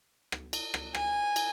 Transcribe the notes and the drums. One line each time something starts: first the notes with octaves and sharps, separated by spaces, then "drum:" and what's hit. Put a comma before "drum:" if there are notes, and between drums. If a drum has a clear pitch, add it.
drum: rim click
drum: cymbal
drum: rim click
G#5, drum: rim click
drum: cymbal